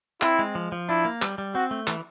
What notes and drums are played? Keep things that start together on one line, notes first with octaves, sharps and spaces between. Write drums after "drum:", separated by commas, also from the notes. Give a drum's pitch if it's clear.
C4 E4, drum: clap
G#3
F3
F3
D4 E4
A#3
G3, drum: clap
G3
C4 F#4
A3
E3, drum: clap